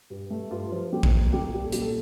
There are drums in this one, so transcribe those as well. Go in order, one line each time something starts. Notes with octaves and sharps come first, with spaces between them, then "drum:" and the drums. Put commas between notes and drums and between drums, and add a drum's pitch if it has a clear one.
G2
A3
G2 F4
F3
A#2 G4
drum: kick A#1
A#3
A#2 G4
G3 G4
A4
A#2 G4, drum: hi-hat
A4